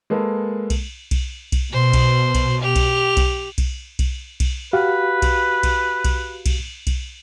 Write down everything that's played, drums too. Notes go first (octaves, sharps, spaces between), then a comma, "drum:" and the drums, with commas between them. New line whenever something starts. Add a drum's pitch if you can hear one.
G#3 A#3 A4 B4
drum: kick B1, cymbal
drum: kick B1, cymbal
drum: kick B1, cymbal
B2 C5
drum: kick B1, cymbal
drum: kick B1, cymbal
G4 F7
drum: kick B1, cymbal
drum: kick B1, cymbal
drum: kick B1, cymbal
drum: kick B1, cymbal
drum: kick B1, cymbal
F#4 G4 B4 F5
drum: kick B1, cymbal
drum: kick B1, cymbal
drum: kick B1, cymbal
drum: kick B1, cymbal
drum: kick B1, cymbal